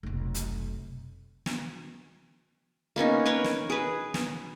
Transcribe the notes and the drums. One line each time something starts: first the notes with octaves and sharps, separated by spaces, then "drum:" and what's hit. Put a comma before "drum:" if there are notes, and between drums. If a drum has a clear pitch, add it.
F1 B1
drum: hi-hat
drum: snare
A#3 B3 C#4 D#4
A#4 B4 C#5 F#5
drum: snare
G#4 B4
drum: snare